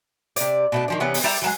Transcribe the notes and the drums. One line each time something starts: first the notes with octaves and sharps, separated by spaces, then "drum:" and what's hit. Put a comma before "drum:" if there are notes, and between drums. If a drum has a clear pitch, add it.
C3 D5, drum: hi-hat
B2 A3 D4
D#3 F3 D5
C3 E3 B3 C#4
drum: open hi-hat
G3 D5 E5 A#5
E3 F#3 G#3